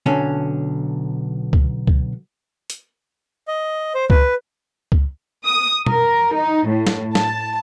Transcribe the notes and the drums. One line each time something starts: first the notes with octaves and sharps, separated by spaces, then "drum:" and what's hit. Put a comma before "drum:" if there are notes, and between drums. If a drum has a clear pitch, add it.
B1 D3 C#4
drum: kick C#2
drum: kick C#2
drum: hi-hat
D#5
C5
B4, drum: kick C#2
drum: kick C#2
D#6
A#4, drum: tom B2
D#4
A2
drum: snare
A5, drum: snare